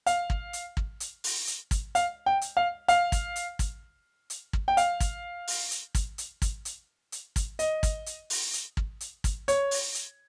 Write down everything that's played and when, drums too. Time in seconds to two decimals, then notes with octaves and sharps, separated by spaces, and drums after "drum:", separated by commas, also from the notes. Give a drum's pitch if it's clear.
0.06 F5, drum: hi-hat
0.30 drum: kick
0.53 drum: hi-hat
0.77 drum: kick
1.00 drum: hi-hat
1.24 drum: open hi-hat
1.47 drum: hi-hat
1.71 drum: kick, hi-hat
1.95 F5, drum: hi-hat
2.26 G5
2.42 drum: hi-hat
2.57 F5
2.88 F5, drum: hi-hat
3.12 drum: kick, hi-hat
3.36 drum: hi-hat
3.59 drum: kick, hi-hat
4.30 drum: hi-hat
4.53 drum: kick
4.68 G5
4.77 F5, drum: hi-hat
5.00 drum: kick, hi-hat
5.47 drum: open hi-hat
5.71 drum: hi-hat
5.95 drum: kick, hi-hat
6.18 drum: hi-hat
6.42 drum: kick, hi-hat
6.65 drum: hi-hat
7.12 drum: hi-hat
7.36 drum: kick, hi-hat
7.59 D#5, drum: hi-hat
7.83 drum: kick, hi-hat
8.06 drum: hi-hat
8.30 drum: open hi-hat
8.53 drum: hi-hat
8.77 drum: kick
9.01 drum: hi-hat
9.24 drum: kick, hi-hat
9.48 C#5, drum: hi-hat
9.71 drum: open hi-hat
9.95 drum: hi-hat